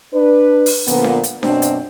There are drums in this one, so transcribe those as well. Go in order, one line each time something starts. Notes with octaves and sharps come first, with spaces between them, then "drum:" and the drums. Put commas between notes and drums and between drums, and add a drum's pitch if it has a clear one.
D4 B4
drum: open hi-hat
A#2 D3 F3 A#3 B3, drum: hi-hat
drum: snare D4
drum: hi-hat
F#2 B2 C4 D4, drum: snare D4
drum: hi-hat